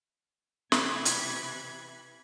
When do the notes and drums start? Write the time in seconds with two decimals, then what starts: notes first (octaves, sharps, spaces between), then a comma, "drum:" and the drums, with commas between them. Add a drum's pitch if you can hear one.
0.72 C3 E3 B5 G#6, drum: snare
1.05 drum: hi-hat